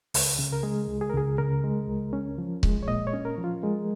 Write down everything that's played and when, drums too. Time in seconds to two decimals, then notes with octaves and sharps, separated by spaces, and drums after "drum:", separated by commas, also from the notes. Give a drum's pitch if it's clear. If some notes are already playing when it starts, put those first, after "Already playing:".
0.14 C#2, drum: open hi-hat
0.39 C#3
0.52 A#4
0.63 G#3 G#4
0.88 C#2
1.01 G#4
1.09 A#4
1.14 C#2 G#4
1.38 C#3 A#4
1.64 G#3
1.88 C#2
2.13 C#4
2.38 F3
2.63 G#3, drum: kick C#1
2.83 C#5
2.88 A#2 D#5
3.07 C#5
3.13 C#4
3.25 A#4
3.38 F3
3.44 F4
3.62 G#3 A#4